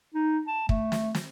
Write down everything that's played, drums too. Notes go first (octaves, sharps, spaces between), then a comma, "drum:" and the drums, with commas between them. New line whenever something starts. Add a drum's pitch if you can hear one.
D#4
A5
A3, drum: kick
drum: snare
drum: snare